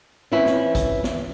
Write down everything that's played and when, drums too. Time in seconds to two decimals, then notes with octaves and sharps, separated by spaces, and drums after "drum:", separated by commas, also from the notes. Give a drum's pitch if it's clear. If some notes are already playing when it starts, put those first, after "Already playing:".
0.32 E3 C4 C#4 E4
0.46 drum: snare
0.75 drum: kick, hi-hat
1.04 drum: snare